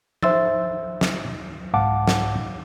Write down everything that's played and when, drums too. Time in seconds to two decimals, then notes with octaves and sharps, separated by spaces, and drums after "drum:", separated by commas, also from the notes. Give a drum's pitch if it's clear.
0.23 C5 E5 C6 E6 A6, drum: tom F3
1.01 drum: snare
1.74 C2 G#2 F5 F#5 A5 D6
2.07 drum: snare